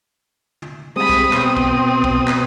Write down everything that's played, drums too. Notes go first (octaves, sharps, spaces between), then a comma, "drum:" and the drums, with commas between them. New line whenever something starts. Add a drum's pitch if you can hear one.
drum: tom
G3 G#3 C4 B5 D#6
drum: kick
B2 C4 D#6, drum: clap
drum: kick
drum: kick
drum: clap